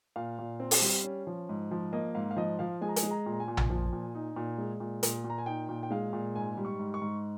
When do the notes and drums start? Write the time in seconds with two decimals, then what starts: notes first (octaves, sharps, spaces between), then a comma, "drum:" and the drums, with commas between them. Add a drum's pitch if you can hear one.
0.16 A#2 F5
0.39 A#2
0.60 C4
0.71 drum: open hi-hat
0.82 G3
1.04 C#4
1.27 F3
1.49 G#2
1.71 F3
1.93 A#3 D#5
2.15 G#2 F5
2.31 F5
2.37 F3 D#5
2.59 F3 F5
2.81 G#3 G#5
2.89 A#5
2.96 G#5, drum: hi-hat
3.03 G#3
3.11 A#5
3.26 A#2
3.33 A#5
3.40 G#5
3.48 A#2
3.57 drum: tom A#1
3.70 F3
3.93 A#2
4.15 D#4
4.36 A#2
4.58 G#3
4.80 A#2
5.03 A#2, drum: hi-hat
5.24 A#2
5.30 A#5
5.38 G#5
5.46 D#4 G5
5.69 A#2
5.83 G5
5.91 G#3 F5
6.13 A#2
6.35 G#2 G#5
6.57 G3
6.65 C#6
6.80 G#2
6.94 C#6
7.02 G#2